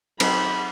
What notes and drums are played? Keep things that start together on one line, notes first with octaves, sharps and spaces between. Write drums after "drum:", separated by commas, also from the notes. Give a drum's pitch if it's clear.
F#3 C4 D#4 A4 B5, drum: cymbal